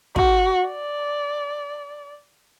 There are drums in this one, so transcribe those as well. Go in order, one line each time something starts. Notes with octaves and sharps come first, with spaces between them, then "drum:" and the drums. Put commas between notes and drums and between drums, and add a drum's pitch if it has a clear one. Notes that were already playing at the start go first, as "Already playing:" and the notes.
F#4, drum: kick
D5